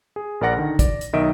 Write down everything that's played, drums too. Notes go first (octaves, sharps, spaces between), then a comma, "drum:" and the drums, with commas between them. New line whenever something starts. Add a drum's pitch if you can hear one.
G#4
A#1 A#4 D5 F#5 A#6
D3 D#3
D5, drum: kick, hi-hat
drum: hi-hat
B1 D#3 D#5 E5 D7